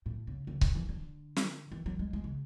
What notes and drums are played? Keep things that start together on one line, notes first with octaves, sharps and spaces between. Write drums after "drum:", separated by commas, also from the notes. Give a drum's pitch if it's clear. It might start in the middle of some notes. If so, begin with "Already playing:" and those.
A2
C#3
C#3
D3, drum: kick C#1
E3
D3
drum: snare
E3
F#3
G#3
G#3
C#3